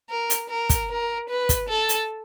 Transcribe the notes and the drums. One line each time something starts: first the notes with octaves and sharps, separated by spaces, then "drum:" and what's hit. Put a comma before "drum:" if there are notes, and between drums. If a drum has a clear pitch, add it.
A#4
drum: hi-hat
A#4
drum: kick, hi-hat
A#4
B4
drum: kick, hi-hat
A4
drum: hi-hat